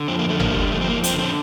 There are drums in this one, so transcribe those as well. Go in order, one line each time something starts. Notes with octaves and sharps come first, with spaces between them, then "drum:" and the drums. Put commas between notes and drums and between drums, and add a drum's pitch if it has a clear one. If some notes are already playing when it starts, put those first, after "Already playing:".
Already playing: D3
F2 C4
A#3
D3 A3
A#3, drum: tom G1
G3
A#3
F2 A3
C4
A#3
F2
C4, drum: hi-hat
D3
C4